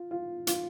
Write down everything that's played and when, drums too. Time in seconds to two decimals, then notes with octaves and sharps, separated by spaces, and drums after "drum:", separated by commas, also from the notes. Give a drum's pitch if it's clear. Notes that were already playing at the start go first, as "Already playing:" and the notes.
Already playing: F4
0.11 F4
0.47 F4, drum: hi-hat